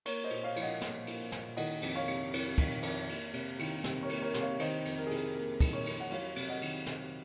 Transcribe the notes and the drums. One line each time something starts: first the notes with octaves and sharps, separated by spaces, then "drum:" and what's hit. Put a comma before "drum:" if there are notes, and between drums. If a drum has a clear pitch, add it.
A#3 A#4 C#5, drum: cymbal
C5 D#5
A#2, drum: cymbal
C#5 F5
F3, drum: cymbal
D#5 F#5
A#2, drum: snare
A#3, drum: cymbal
A#2, drum: snare
D#3 D#5 F#5, drum: cymbal
F2, drum: cymbal
C#5 F5
C3, drum: cymbal
F2, drum: cymbal
D#3, drum: kick, cymbal
F2, drum: cymbal
A#3, drum: cymbal
C3, drum: cymbal
D#3, drum: cymbal
C3, drum: snare
A#4 C#5
A#3, drum: cymbal
A#4 C#5
C3, drum: snare
C#5 F5
D#3 C5 D#5, drum: cymbal
F2, drum: cymbal
A#4
G#4
C3 A#4, drum: cymbal
A#3 A#4
D#3, drum: kick, cymbal
A#4 C#5
F2, drum: cymbal
F#5
F#3 C#5 F5, drum: cymbal
C3, drum: cymbal
D#5 F#5
D#3, drum: cymbal
C3, drum: snare